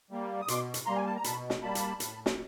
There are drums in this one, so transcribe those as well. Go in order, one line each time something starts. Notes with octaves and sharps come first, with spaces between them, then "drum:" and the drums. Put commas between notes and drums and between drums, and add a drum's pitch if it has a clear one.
G3 A#3
D#6
B2 C6 D6, drum: hi-hat
drum: hi-hat
G3 A#3 A#5 C6
G#5
A5
A#5
B2 A5 B5, drum: hi-hat
drum: snare
G3 A#3 A5 B5
drum: hi-hat
A2, drum: hi-hat
drum: snare